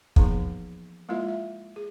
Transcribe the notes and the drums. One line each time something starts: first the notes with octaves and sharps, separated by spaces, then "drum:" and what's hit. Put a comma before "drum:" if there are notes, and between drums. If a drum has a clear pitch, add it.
E3 F3 A#3 B3 D#4 G#4, drum: kick
G#3 A#3 E4 F4 A#4 E5
E5
G#4